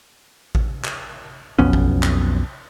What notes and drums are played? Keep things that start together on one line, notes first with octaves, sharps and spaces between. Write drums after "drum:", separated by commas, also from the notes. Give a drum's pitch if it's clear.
drum: kick A1
drum: clap
B1 F2 B3 C#4
drum: kick A1
drum: clap